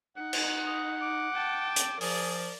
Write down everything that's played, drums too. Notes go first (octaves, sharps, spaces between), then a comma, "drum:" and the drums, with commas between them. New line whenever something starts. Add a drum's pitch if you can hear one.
D#4 F#5
drum: cymbal
D#5
D6
G5 A5
drum: hi-hat
F3 G#4 A#4 D5, drum: open hi-hat